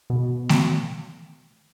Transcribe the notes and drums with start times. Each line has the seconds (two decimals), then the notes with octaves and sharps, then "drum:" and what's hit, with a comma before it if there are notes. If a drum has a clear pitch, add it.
0.10 B2
0.49 drum: snare A3